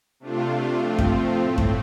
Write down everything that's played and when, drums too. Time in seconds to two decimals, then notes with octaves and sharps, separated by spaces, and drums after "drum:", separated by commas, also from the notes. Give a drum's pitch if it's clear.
0.20 C3 A3 D4 F4
0.79 F3 A3 C4 F4
0.99 drum: kick F#2
1.38 A2 A3 C4
1.58 drum: kick F#2